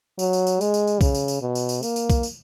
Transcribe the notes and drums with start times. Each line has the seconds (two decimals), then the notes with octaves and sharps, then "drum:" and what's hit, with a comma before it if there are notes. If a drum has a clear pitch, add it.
0.19 F#3, drum: tambourine
0.33 drum: tambourine
0.47 drum: tambourine
0.61 G#3, drum: tambourine
0.74 drum: tambourine
0.87 drum: tambourine
1.01 C#3, drum: kick B1, tambourine
1.15 drum: tambourine
1.28 drum: tambourine
1.41 B2
1.55 drum: tambourine
1.69 drum: tambourine
1.83 A#3, drum: tambourine
1.96 drum: tambourine
2.10 drum: kick B1, tambourine
2.23 drum: tambourine